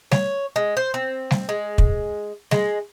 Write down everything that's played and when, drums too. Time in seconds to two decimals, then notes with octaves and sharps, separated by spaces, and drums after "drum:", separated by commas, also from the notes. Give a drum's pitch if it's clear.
0.12 C#5, drum: snare G3
0.56 G#3
0.77 C5
0.94 C4
1.31 drum: snare G3
1.49 G#3
1.78 drum: kick
2.51 G#3, drum: snare G3